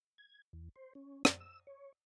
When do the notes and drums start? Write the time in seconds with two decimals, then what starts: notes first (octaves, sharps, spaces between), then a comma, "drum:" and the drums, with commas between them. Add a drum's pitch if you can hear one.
0.18 G#6
0.53 E2
0.76 C5
0.95 C#4
1.25 drum: rim click
1.40 E6
1.67 C#5